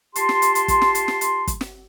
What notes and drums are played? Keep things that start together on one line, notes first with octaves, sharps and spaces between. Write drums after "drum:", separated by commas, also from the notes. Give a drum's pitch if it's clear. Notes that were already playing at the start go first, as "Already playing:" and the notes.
F4 G4 A5 C6, drum: hi-hat
drum: snare
drum: hi-hat
drum: hi-hat
drum: kick, hi-hat
drum: snare
drum: hi-hat
drum: snare
drum: hi-hat
drum: kick, hi-hat
drum: snare